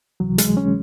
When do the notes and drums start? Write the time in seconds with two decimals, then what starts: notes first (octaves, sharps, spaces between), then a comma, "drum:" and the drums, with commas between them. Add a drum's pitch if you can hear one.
0.20 C#2 C3 E3 F#3
0.38 G#3, drum: hi-hat
0.57 C#4